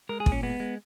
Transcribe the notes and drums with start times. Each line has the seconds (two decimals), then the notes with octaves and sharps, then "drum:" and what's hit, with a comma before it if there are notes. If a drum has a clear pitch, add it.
0.09 G#3 A#4
0.20 G#4
0.26 A#2, drum: kick
0.32 C#4
0.43 G#3 B3
0.60 G#3